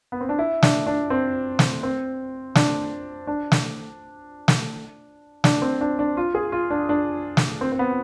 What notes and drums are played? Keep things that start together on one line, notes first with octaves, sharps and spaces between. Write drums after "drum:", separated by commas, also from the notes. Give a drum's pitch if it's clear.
B3
C4
D4
E4
D4, drum: snare
D4
C4
drum: snare
C4
D4, drum: snare
D4
drum: snare
drum: snare
D4, drum: snare
C4
D4
D4
F4
G#4
F4
D4
D4
drum: snare
C4
C4
B3